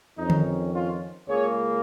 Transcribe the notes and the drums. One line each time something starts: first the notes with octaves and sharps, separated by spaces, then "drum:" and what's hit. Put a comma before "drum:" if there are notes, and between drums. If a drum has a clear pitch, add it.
F2 D#3 C#4 D#4
drum: tom D3
C#4 F4
C#2 C#3 A#3 G#4 C#5